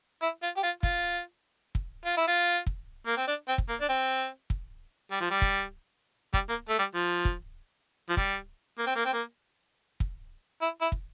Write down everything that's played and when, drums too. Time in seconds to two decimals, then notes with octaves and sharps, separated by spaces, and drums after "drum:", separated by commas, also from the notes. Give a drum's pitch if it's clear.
0.22 E4
0.42 F4
0.57 G4
0.63 F4
0.83 F4, drum: kick
1.75 drum: kick
2.05 F4
2.17 E4
2.27 F4
2.67 drum: kick
3.07 A#3
3.17 C4
3.28 D4
3.48 C4
3.58 drum: kick
3.69 A#3
3.80 D4
3.89 C4
4.50 drum: kick
5.11 G3
5.20 F3
5.30 G3
5.42 drum: kick
6.34 G3, drum: kick
6.49 A#3
6.69 A3
6.79 G3
6.94 F3
7.25 drum: kick
8.09 F3
8.17 G3, drum: kick
8.79 A#3
8.86 C4
8.96 A#3
9.05 C4
9.13 A#3
10.00 drum: kick
10.61 E4
10.81 E4
10.92 drum: kick